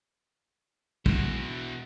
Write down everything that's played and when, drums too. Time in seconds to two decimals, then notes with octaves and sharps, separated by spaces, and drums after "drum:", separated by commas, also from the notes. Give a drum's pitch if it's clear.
1.06 E2 B2, drum: kick